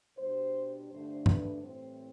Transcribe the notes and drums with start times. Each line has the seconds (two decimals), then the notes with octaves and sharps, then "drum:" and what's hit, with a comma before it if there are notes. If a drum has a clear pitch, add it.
0.18 B2 G3 D4 C5
0.90 G2 D3 A3 D4 C5
1.26 B4, drum: tom G2
1.62 A2 E3 G3 C4 C5